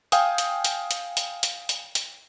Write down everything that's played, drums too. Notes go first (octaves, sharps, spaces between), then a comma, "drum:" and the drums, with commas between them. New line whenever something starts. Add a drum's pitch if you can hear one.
F5 G5 G#5 D#6, drum: hi-hat
drum: hi-hat
drum: hi-hat
drum: hi-hat
drum: hi-hat
drum: hi-hat
drum: hi-hat
drum: hi-hat